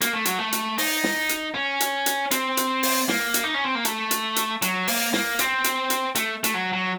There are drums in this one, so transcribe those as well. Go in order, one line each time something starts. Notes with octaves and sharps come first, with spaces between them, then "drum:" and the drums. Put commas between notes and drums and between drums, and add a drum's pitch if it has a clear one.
A#3, drum: hi-hat
A3
F#3, drum: hi-hat
A3
drum: hi-hat
D#4, drum: open hi-hat
drum: snare
drum: hi-hat
C#4
drum: hi-hat
drum: hi-hat
C4, drum: hi-hat
drum: hi-hat
drum: open hi-hat
A#3, drum: snare
drum: hi-hat
D#4
C#4
C4
A#3
A3, drum: hi-hat
drum: hi-hat
drum: hi-hat
F#3, drum: hi-hat
A#3, drum: open hi-hat
A#3, drum: snare
C4, drum: hi-hat
drum: hi-hat
drum: hi-hat
A3, drum: hi-hat
A3, drum: hi-hat
F#3
F#3